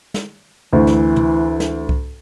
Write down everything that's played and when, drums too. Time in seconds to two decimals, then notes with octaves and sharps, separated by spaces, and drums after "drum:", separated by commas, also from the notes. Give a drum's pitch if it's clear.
0.14 drum: snare
0.73 D2 E3
0.87 drum: snare
1.16 drum: tom
1.60 drum: snare
1.89 drum: kick C2